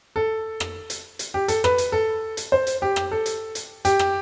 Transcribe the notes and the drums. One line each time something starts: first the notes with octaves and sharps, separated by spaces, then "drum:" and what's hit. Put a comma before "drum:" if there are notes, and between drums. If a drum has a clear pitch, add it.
A4
drum: rim click
drum: hi-hat
drum: hi-hat
G4
A4, drum: hi-hat
B4, drum: rim click
drum: hi-hat
A4
drum: hi-hat
C5
drum: hi-hat
G4
drum: rim click
A4
drum: hi-hat
drum: hi-hat
G4, drum: hi-hat
drum: rim click